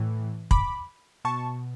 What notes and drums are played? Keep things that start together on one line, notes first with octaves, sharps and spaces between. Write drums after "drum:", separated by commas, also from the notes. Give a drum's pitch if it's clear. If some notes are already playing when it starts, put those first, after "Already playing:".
Already playing: A2 E3
B5 D6, drum: kick
B2 A5 C#6